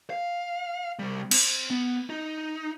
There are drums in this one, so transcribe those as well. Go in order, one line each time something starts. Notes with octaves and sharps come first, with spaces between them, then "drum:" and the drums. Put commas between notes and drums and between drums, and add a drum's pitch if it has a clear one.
F5
C3 G3
C4, drum: cymbal
B3
D#4